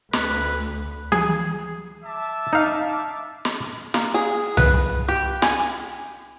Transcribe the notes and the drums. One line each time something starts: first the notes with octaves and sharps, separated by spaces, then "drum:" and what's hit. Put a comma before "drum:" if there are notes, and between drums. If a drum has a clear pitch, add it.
D2 B4, drum: snare
G#4, drum: tom
E5 A5 D6
D#4 F5
drum: snare
A#3, drum: snare
G#4
B4, drum: tom C2
G4
G#5, drum: snare